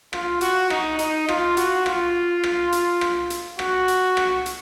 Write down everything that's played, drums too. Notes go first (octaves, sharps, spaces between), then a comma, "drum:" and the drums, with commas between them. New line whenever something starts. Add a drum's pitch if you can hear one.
F4, drum: rim click
F#4, drum: hi-hat
D#4, drum: rim click
D#4, drum: hi-hat
F4, drum: rim click
F#4, drum: hi-hat
F4, drum: rim click
drum: rim click
drum: hi-hat
drum: rim click
drum: hi-hat
F#4, drum: rim click
drum: hi-hat
drum: rim click
drum: hi-hat